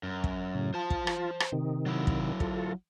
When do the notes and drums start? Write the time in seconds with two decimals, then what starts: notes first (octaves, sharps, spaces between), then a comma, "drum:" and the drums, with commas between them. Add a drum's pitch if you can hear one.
0.03 F#2
0.24 drum: kick
0.55 A2 C#3
0.74 F4 C5 A5
0.90 drum: kick
1.07 drum: rim click
1.40 drum: rim click
1.52 C3 D#3
1.86 F#3 E4
2.07 drum: kick
2.40 F4 A4, drum: kick